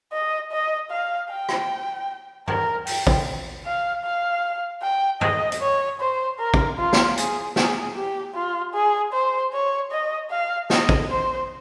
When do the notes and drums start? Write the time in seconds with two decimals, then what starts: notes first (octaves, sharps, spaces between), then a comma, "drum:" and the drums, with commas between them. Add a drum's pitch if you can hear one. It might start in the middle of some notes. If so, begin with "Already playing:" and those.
0.13 D#5
0.52 D#5
0.90 F5
1.30 G5
1.49 drum: rim click
2.48 A#4, drum: tom G2
2.87 G5, drum: open hi-hat
3.07 drum: kick
3.65 F5
4.05 F5
4.83 G5
5.21 D#5, drum: tom G2
5.52 drum: hi-hat
5.61 C#5
6.00 C5
6.39 A#4
6.54 drum: kick
6.78 F4
6.93 drum: snare
7.17 G#4, drum: hi-hat
7.56 G#4, drum: snare
7.96 G4
8.34 F4
8.74 G#4
9.13 C5
9.52 C#5
9.91 D#5
10.31 F5
10.70 D#5, drum: snare
10.89 drum: kick
11.09 C5